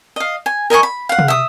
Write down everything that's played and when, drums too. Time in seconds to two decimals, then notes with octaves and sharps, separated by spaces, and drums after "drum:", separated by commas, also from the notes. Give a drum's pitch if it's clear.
0.16 D#5 F5
0.46 G#5
0.70 A#4 D#5 G#5 C#6
0.83 B5
1.09 F5 F#5
1.19 drum: tom
1.28 E5 D#6